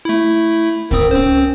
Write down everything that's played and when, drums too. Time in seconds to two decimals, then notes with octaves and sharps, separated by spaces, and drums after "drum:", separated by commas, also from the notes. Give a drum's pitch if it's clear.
0.05 A3 E4
0.91 G#2 C4 A#4 D#6, drum: kick C#2
1.11 C4 C#4 C5